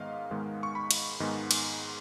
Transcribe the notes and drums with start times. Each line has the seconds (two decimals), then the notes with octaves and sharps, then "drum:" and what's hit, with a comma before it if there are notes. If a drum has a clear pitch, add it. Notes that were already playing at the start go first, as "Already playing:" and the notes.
Already playing: G#2 D#3 G#3 B3 D#5 F5
0.31 G#2 D#3 G#3 B3
0.63 C#6
0.75 B5
0.91 drum: cymbal
1.20 G#2 D#3 G#3 B3
1.51 drum: cymbal